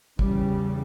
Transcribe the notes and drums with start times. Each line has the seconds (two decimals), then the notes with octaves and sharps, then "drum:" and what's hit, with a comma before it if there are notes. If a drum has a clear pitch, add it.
0.19 E2 C#3 G3, drum: kick